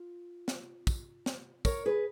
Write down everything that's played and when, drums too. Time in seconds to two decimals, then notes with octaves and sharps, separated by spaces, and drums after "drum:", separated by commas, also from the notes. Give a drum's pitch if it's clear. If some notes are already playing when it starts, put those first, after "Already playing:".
Already playing: F4
0.48 drum: snare
0.87 drum: kick, tambourine
1.26 drum: snare
1.65 A#4 C#5, drum: kick, tambourine
1.86 G#4 B4